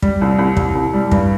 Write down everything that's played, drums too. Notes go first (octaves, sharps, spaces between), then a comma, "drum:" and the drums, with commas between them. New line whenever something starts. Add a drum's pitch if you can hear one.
G3, drum: kick
C2
C2
C2, drum: kick
C2
G3
G2, drum: kick